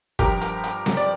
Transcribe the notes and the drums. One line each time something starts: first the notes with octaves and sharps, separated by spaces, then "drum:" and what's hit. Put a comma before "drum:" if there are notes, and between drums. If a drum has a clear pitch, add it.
G2 F3 G4 A#4, drum: kick, hi-hat
drum: hi-hat
drum: hi-hat
drum: snare C4
D5